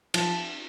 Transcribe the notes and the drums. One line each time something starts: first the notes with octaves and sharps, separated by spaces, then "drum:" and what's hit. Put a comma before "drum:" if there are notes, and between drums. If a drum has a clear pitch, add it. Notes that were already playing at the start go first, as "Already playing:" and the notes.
F3, drum: cymbal